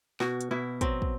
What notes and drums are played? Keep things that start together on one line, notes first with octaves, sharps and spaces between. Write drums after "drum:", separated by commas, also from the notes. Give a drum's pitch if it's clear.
B2 F#4, drum: snare
drum: hi-hat
B2 E4
F#3 C4, drum: kick, hi-hat
drum: kick